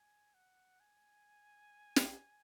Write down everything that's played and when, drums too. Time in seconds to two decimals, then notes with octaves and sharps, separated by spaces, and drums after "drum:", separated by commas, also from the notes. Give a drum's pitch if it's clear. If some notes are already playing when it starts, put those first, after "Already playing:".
Already playing: G#5
0.34 F#5
0.80 G#5
1.96 drum: snare